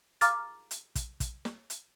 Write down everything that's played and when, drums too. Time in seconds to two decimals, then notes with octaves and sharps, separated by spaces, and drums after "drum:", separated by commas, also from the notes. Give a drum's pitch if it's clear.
0.21 F5 A#5 D6 F6 A6, drum: hi-hat
0.71 drum: hi-hat
0.95 drum: kick, hi-hat
1.20 drum: kick, hi-hat
1.45 drum: snare
1.70 drum: hi-hat